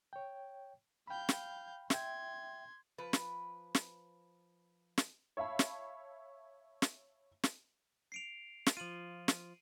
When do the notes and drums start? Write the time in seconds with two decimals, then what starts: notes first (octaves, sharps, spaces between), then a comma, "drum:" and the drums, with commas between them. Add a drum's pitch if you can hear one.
0.13 C#5 G5
1.07 F5 G5 B5 G6
1.29 drum: snare
1.90 E5 G5 C6 G#6, drum: snare
2.98 F3 B4
3.13 drum: snare
3.75 drum: snare
4.98 drum: snare
5.37 C#5 E5 F5 A5 B5
5.59 drum: snare
6.82 drum: snare
7.43 drum: snare
8.12 C7 D7 F7
8.66 drum: snare
8.77 F3 F4 D#7 F#7
9.28 drum: snare